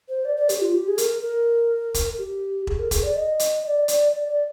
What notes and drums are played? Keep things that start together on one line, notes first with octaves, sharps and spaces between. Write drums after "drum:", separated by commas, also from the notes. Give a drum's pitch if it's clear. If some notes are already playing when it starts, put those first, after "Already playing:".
C5
D5
D5
G4, drum: hi-hat
F4
G4
G#4
A#4, drum: hi-hat
A#4
drum: kick E1, hi-hat
G4
G#4, drum: kick E1
A#4
G#4, drum: kick E1, hi-hat
D5
D#5
drum: hi-hat
D#5
D5
D5, drum: hi-hat
D5
D5